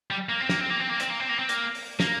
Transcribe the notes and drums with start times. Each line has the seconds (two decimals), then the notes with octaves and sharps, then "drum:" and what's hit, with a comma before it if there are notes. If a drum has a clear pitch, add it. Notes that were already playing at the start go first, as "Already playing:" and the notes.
0.11 G3
0.29 A#3
0.40 C4
0.49 A#3, drum: snare
0.59 C4
0.70 A#3
0.80 C4
0.90 A#3
1.00 C4, drum: hi-hat
1.10 A#3
1.20 C4
1.29 A#3
1.39 C4
1.49 A#3, drum: hi-hat
1.75 drum: open hi-hat
2.00 A#3, drum: snare